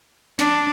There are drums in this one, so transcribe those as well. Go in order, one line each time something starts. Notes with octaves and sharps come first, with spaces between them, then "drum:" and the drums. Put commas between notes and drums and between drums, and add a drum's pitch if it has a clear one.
D4, drum: snare